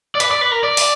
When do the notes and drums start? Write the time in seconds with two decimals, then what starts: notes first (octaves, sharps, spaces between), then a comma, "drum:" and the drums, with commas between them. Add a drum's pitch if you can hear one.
0.15 D5
0.20 B4, drum: hi-hat
0.31 D5
0.41 B4
0.51 A#4
0.63 D5
0.77 drum: open hi-hat